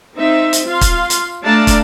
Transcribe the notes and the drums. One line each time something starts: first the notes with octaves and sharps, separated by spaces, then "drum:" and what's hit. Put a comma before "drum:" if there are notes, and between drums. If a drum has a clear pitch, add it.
C4 D#4 E5
drum: hi-hat
F4 F5 C6
drum: kick, hi-hat
drum: hi-hat
A3 D4 D5 F5 A5 A#5
drum: kick, hi-hat